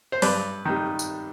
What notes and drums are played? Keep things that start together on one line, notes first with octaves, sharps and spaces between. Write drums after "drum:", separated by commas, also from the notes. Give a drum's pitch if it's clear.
C5
G2 B4 D5, drum: open hi-hat
D#3 G3
drum: tambourine